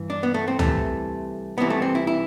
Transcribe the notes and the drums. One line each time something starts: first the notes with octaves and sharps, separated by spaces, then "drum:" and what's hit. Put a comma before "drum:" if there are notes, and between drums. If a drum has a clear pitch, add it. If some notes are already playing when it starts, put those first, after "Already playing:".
Already playing: G2 E3
D4
B3
A3
C4
C2 C3 E3 A3, drum: tom
C2 C3 E3 B3
A3
C4
E4
E4